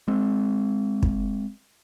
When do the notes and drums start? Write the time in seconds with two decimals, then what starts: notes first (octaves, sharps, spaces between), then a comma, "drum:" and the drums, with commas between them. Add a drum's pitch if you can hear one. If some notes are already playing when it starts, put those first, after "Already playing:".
0.08 G#3 C4
1.03 drum: kick